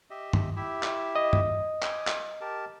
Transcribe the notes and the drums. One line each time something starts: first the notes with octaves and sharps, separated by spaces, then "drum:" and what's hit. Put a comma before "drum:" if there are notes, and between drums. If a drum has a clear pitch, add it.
G4 D#5 E5
drum: tom G2
E4 G4 E5
drum: clap
D#5
drum: tom G2
G#5 D6 D#6, drum: clap
drum: clap
G4 A#4 A5